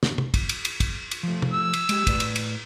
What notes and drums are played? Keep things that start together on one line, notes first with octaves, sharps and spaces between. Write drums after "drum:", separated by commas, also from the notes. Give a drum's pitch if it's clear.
drum: snare
drum: tom
drum: kick, cymbal
drum: cymbal
drum: cymbal
drum: kick, cymbal
drum: cymbal
F3 A3
drum: tom
E6
drum: cymbal
G#3 G4, drum: cymbal
A2 B4 D5, drum: kick, cymbal
drum: cymbal
drum: cymbal